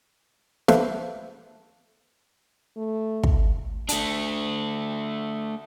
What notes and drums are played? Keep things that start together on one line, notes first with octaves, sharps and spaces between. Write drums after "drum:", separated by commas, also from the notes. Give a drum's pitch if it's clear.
A4 B4 C5 E5 F5 A5, drum: snare
A3
drum: kick
A3 D4, drum: hi-hat